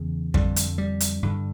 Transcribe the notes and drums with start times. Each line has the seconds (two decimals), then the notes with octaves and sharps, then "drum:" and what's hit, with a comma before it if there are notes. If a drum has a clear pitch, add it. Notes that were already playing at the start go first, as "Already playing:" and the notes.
Already playing: E2 C#3
0.34 F2 D3 G3, drum: kick
0.56 drum: hi-hat
0.78 G3
1.00 drum: hi-hat
1.23 G2 D3